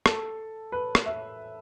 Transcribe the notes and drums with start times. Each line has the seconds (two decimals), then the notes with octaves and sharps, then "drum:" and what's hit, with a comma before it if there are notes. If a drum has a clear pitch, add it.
0.06 A4, drum: rim click
0.72 B4
0.95 drum: rim click
1.06 E5